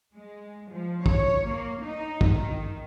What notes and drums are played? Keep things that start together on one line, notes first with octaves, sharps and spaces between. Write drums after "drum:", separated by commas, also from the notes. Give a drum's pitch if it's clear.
G#3
F3
C#5, drum: kick
A#3
D#4
drum: kick
D#3